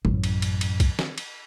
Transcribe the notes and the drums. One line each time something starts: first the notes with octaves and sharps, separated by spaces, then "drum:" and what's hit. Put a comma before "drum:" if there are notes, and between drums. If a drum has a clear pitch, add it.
A1 F#2, drum: tom
drum: cymbal
drum: cymbal
drum: cymbal
drum: kick, cymbal
drum: snare
drum: cymbal